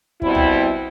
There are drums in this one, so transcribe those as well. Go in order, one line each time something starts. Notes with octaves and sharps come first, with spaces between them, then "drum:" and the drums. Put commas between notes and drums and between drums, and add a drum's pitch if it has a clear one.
B2 G3 C4 E4, drum: kick
drum: tom